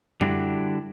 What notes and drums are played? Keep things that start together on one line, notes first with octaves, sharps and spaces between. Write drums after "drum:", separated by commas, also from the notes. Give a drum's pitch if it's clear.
D3 G3 D4 E4 F#4, drum: tom F#2